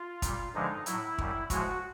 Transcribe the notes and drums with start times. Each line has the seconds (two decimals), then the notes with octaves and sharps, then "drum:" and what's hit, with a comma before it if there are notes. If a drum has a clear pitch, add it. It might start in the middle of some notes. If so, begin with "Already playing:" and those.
Already playing: F4
0.22 A#2 G3, drum: kick, hi-hat
0.54 G2 D3 F3 G#3 D#4
0.86 A2 F#3 E4, drum: hi-hat
1.18 F#2 D#3 G3, drum: kick
1.50 A2 F3 G#3 F#4, drum: kick, hi-hat